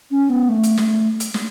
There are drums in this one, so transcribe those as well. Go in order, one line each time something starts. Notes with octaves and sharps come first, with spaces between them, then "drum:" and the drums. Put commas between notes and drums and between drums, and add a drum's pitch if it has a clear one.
C#4
B3
A3
drum: hi-hat
drum: snare
drum: hi-hat
drum: snare